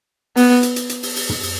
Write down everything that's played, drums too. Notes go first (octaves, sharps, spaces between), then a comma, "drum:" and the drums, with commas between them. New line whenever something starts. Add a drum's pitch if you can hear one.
B3, drum: open hi-hat
drum: hi-hat
drum: hi-hat
drum: hi-hat
drum: open hi-hat
drum: open hi-hat
drum: tom
drum: open hi-hat